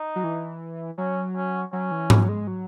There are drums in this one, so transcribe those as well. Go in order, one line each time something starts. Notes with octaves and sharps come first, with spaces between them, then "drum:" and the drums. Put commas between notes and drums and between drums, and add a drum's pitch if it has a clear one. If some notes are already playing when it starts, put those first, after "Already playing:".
Already playing: D#4
F#3
E3
F#3 C#4
C#4
F#3 C#4
E3
F#3, drum: tom G#2
G#3
F#3